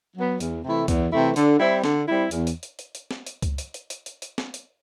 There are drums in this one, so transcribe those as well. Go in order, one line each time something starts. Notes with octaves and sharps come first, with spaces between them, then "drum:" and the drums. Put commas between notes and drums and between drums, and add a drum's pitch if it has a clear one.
F#3 B3
E2, drum: hi-hat
C3 E3 A3 E4
E2, drum: kick C#2, hi-hat
C3 E3 A3 E4
D3, drum: hi-hat
G3 C4 E4
D3, drum: snare C4
G3 C4 E4
E2, drum: hi-hat
drum: hi-hat
drum: hi-hat
drum: hi-hat
drum: hi-hat
drum: snare C4
drum: hi-hat
drum: kick C#2, hi-hat
drum: hi-hat
drum: hi-hat
drum: hi-hat
drum: hi-hat
drum: hi-hat
drum: snare C4
drum: hi-hat